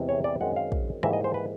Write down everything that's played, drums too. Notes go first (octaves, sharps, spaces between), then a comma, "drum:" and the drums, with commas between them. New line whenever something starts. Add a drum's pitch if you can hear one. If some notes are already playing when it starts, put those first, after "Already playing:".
Already playing: E2 C3 E3 G#3
C#5
D5
F#2 D#3 G#3 C4 F#5
F5
drum: kick
G#2 E3 G3 A#3 E5, drum: rim click
D#5
C5
B4